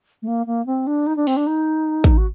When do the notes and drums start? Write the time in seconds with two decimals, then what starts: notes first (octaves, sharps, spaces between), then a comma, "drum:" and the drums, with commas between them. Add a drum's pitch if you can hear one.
0.22 A3
0.27 A#3
0.46 A#3
0.66 C4
0.87 D4
1.07 D#4
1.16 D4
1.27 C4, drum: open hi-hat
1.36 D4
1.47 D#4
2.04 drum: kick
2.17 F#4